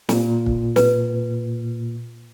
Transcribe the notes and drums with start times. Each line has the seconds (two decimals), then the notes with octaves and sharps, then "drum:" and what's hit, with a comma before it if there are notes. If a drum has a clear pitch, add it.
0.09 A#2, drum: snare
0.46 drum: kick
0.76 B4, drum: snare